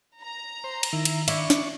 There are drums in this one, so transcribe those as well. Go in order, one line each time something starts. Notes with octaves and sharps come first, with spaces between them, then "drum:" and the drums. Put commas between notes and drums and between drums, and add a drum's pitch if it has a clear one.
A#5
C5
drum: cymbal
D#3 E4
drum: cymbal
D4 E4 C#6, drum: cymbal
drum: snare